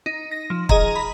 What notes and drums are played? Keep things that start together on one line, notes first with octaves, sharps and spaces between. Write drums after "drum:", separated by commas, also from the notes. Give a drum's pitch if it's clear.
D#4
A#6
F3
G#4 D#5 A#5, drum: kick
B5